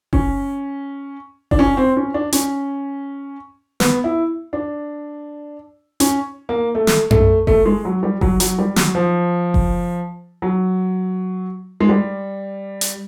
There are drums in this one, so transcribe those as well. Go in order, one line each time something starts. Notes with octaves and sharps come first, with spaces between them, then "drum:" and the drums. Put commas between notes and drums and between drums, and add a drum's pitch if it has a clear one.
C#4, drum: kick F#1
D4, drum: kick F#1
C#4
C4
C#4
D4
C#4, drum: hi-hat
B3, drum: snare
E4
D4
C#4, drum: hi-hat
A#3
A3
drum: snare
A3, drum: tom F#2
A3, drum: kick F#1
G#3
F#3
G3
F#3, drum: kick F#1
F#3, drum: hi-hat
G3
F#3, drum: snare
F3
drum: kick F#1
F#3
G#3
G3
drum: hi-hat